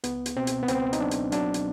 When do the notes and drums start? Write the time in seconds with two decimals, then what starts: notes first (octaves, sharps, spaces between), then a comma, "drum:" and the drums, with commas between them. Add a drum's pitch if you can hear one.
0.04 C#2 B3, drum: hi-hat
0.26 drum: hi-hat
0.37 B2 C4
0.47 drum: hi-hat
0.63 B3
0.68 C#2 C4, drum: hi-hat
0.93 D#4, drum: hi-hat
1.01 F#3 D4
1.11 drum: hi-hat
1.32 F#3 D4, drum: hi-hat
1.54 drum: hi-hat